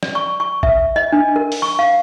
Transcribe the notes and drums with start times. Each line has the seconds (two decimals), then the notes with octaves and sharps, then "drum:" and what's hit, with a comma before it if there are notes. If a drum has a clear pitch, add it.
0.03 D5, drum: snare
0.15 C#6
0.40 C#6
0.63 E5, drum: kick A1
0.96 D#5
1.12 D4
1.36 A#4
1.52 drum: open hi-hat
1.62 C#6
1.79 F5